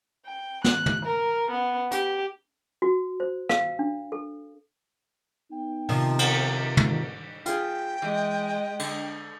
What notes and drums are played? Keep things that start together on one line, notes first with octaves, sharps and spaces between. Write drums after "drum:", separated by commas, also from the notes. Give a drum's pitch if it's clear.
G5
F#6, drum: snare
drum: tom
A#4
B3
G4, drum: hi-hat
F#4
C5
F5, drum: rim click
D4
A4
B3 D#4 G5
C3 D#3 F3, drum: open hi-hat
drum: cymbal
G#1, drum: tom
F4 G#4 G5, drum: hi-hat
E3 G#3 D#5
D3, drum: cymbal